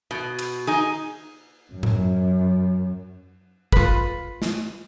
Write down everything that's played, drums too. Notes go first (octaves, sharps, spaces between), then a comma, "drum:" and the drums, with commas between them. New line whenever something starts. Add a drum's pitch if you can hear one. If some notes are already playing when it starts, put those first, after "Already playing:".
B2
drum: cymbal
D#4 G#4
F#2
drum: tom A2
F4 B4, drum: kick
drum: snare